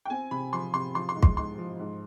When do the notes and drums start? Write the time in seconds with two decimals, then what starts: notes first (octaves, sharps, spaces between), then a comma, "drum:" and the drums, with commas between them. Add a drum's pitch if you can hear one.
0.05 G5
0.10 C4 G#5
0.31 C3 B5
0.53 F3 C6
0.74 C3 C6
0.95 F3 C6
1.09 C6
1.16 G#2
1.23 C6, drum: kick
1.37 G#2 C6
1.58 F3
1.79 G#2